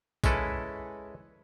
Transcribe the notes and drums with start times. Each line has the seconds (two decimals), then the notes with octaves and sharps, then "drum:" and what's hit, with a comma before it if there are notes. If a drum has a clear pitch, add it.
0.24 G#3 C#4 E4 A4 B4, drum: kick A#1, tambourine